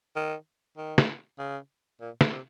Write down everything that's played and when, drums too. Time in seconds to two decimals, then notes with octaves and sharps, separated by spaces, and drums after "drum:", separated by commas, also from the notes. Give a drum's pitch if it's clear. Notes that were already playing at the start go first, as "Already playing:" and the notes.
0.16 D#3
0.77 D#3
0.98 drum: snare
1.38 C#3
2.00 A#2
2.21 drum: snare
2.31 C3